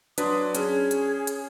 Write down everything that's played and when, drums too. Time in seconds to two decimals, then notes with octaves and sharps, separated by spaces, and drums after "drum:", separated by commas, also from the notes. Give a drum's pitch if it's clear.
0.18 F#3 D4 B4 C6 D#6, drum: hi-hat
0.55 C#4 G#4, drum: hi-hat
0.91 drum: hi-hat
1.27 drum: hi-hat